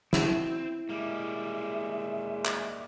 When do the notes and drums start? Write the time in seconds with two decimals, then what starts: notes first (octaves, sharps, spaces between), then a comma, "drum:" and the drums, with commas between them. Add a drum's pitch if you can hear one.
0.13 C4 E4, drum: snare
0.89 G3 G#3 A#3 E5
2.45 drum: clap